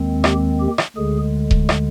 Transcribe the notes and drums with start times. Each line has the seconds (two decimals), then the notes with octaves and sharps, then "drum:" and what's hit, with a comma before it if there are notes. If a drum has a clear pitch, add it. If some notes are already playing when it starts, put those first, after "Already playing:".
Already playing: D#2 D#3 G#3 C4
0.24 G4, drum: rim click
0.60 G4
0.78 drum: rim click
0.96 D2 D3 G#3 G#4
1.51 drum: kick D#1
1.69 drum: rim click